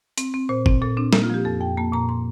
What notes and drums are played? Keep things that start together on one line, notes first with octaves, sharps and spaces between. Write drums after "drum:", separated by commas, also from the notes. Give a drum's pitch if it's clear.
C4, drum: hi-hat
C4
A#2 C5
C4, drum: kick
A#2 A4
C4 D4
A#3 D#4, drum: snare
F4
F3 G4
F2 A4
F2 G5
A#3 A5
A#2 A#5
C6